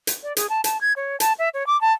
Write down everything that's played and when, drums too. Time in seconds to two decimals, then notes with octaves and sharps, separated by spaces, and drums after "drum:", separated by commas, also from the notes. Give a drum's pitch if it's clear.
0.07 drum: hi-hat
0.23 D5
0.37 G#4, drum: hi-hat
0.49 A5
0.64 A5, drum: hi-hat
0.81 G#6
0.96 C#5
1.20 A5, drum: hi-hat
1.39 E5
1.54 C#5
1.67 D6
1.81 A5